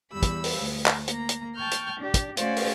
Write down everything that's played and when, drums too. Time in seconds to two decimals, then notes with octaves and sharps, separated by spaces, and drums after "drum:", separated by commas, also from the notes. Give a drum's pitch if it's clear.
0.12 E2 G3 B5 E6
0.22 drum: kick, hi-hat
0.44 drum: open hi-hat
0.59 D2
0.86 drum: clap
1.08 A#3 A#5, drum: hi-hat
1.29 drum: hi-hat
1.56 G5 A5 C#6 F6 G6
1.71 drum: hi-hat
1.98 D4 G4
2.14 drum: kick, hi-hat
2.37 A3 C#4 F#4 C5 D5 F5, drum: hi-hat
2.57 drum: open hi-hat